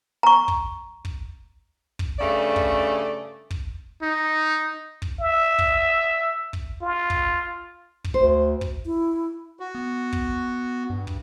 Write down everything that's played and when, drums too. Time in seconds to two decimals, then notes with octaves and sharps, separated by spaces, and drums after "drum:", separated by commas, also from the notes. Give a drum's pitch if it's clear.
0.23 A#5 C#6
0.48 drum: kick
1.05 drum: kick
1.99 drum: kick
2.19 G2 C#3 A3 D5
2.56 drum: kick
3.50 drum: kick
4.02 D#4
5.02 drum: kick
5.20 E5
5.59 drum: kick
6.53 drum: kick
6.82 F4
7.10 drum: kick
8.04 drum: kick
8.14 D2 C5
8.61 drum: kick
8.86 E4
9.60 F#4
9.75 B3
10.12 drum: kick
10.90 G2
11.07 drum: kick